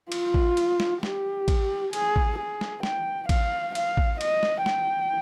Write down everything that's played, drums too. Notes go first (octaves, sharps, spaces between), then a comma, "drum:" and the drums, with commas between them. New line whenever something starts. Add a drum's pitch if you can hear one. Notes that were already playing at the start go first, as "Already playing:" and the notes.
F4, drum: cymbal
drum: kick A1
drum: cymbal
drum: snare
G4, drum: snare
drum: kick A1, cymbal
G#4, drum: cymbal
drum: kick A1
G#4
drum: snare
G5, drum: snare
F5, drum: kick A1, cymbal
F5, drum: cymbal
drum: kick A1
D#5, drum: cymbal
drum: snare
G5, drum: snare